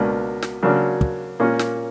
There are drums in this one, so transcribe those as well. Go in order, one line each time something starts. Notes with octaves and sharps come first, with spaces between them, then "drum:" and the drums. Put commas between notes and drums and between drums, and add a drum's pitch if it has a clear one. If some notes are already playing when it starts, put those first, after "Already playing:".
Already playing: C#2 B2 A#3 D4
drum: snare
C#3 F#3 A#3 D4
drum: kick
A#2 A#3 C#4
drum: snare